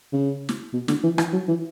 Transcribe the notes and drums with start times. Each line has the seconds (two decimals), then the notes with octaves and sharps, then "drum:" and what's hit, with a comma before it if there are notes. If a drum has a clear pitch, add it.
0.13 C#3
0.49 drum: snare
0.74 B2
0.88 D3, drum: snare
1.04 E3
1.18 E3, drum: rim click
1.33 F#3
1.48 E3